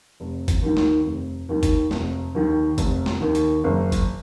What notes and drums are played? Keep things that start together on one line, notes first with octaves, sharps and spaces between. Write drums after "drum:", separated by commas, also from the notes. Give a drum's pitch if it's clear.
F1
drum: kick G1, hi-hat
D#2 D#3
drum: snare
F1
D#2 D#3
drum: kick G1, hi-hat
F1, drum: snare
D#2 D#3
F1, drum: kick G1, hi-hat
drum: snare
D#2 D#3
drum: hi-hat
F#1
drum: kick G1, hi-hat